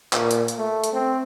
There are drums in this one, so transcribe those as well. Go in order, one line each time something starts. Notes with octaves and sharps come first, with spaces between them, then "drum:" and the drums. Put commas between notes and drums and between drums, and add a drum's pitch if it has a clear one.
A#2, drum: clap
drum: hi-hat
drum: hi-hat
A3
drum: hi-hat
C4